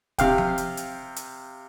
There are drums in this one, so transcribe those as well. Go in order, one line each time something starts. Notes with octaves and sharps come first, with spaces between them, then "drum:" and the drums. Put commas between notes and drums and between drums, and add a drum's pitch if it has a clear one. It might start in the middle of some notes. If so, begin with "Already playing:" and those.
C3 F5 G5, drum: kick, hi-hat
drum: tom F3
drum: hi-hat
drum: hi-hat
drum: hi-hat